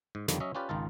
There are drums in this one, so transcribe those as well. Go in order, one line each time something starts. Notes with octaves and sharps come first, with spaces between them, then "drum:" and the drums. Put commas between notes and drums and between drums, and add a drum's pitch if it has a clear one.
G#2
F2 D3 D#3 F3 G3, drum: snare
F#3 C#4 D#5 E5
C#4 F4 G4 B4 D5
G#1 C#2 D#3 D#4 F4 A5